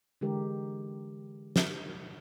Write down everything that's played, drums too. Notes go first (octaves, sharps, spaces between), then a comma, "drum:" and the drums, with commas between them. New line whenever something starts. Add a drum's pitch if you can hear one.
D3 E3 G#3 G4 A#4
drum: snare